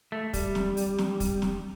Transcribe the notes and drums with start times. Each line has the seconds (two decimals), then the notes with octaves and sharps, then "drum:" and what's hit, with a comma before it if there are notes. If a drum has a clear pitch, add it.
0.12 A3
0.33 G3, drum: kick, open hi-hat
0.55 drum: snare
0.77 drum: open hi-hat
0.98 drum: snare
1.20 drum: kick, open hi-hat
1.42 drum: snare